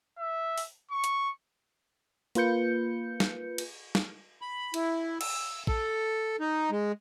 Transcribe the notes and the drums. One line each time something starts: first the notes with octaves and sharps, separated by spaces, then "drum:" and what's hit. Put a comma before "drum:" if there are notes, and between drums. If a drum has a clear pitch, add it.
E5
drum: open hi-hat
C#6
drum: hi-hat
A#3 F4 B4 G6 C#7, drum: hi-hat
drum: snare
drum: cymbal
drum: snare
B5
E4, drum: cymbal
E6, drum: cymbal
A4, drum: kick A#1
D#4
G#3